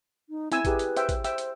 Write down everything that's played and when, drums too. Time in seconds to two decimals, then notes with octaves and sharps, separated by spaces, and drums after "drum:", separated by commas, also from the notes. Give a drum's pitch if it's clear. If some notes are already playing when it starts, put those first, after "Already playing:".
0.29 D#4
0.52 C4 E4 G#5 E6, drum: hi-hat
0.65 E4 G4 G#4 B4, drum: kick, hi-hat
0.79 drum: hi-hat
0.97 C5 E5 G5, drum: hi-hat
1.09 drum: kick, hi-hat
1.24 C5 E5 G5 E6, drum: hi-hat
1.38 drum: hi-hat